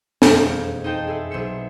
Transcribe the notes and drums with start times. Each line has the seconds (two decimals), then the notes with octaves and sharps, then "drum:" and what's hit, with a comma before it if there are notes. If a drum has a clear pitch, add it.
0.22 E1 F2 A#3 F#5 G6 G#6, drum: snare
0.84 D#4 G#4 C5 D#5 G5 A5
1.07 G#4 A4 E5 B5
1.31 B1 G#4 C5 E5 C#7